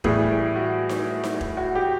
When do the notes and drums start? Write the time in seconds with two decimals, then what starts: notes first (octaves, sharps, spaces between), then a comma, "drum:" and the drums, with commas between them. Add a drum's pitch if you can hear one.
0.04 A2 E3 G3 G#4, drum: kick E1
0.56 F#4
0.89 drum: snare D#4
1.24 drum: snare D#4
1.41 drum: kick E1
1.57 F#4
1.75 G4